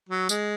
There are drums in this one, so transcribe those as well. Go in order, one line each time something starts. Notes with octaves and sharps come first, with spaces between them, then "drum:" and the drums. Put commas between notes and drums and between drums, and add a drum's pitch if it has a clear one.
F#3
G#3, drum: tambourine